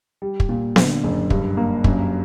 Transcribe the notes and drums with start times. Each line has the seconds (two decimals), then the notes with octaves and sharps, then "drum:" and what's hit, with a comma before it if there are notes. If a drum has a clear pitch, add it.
0.22 G3
0.40 drum: kick
0.49 A#2
0.76 D3, drum: snare B3
1.04 F#1
1.30 G2, drum: kick
1.57 A#3
1.84 F#2, drum: kick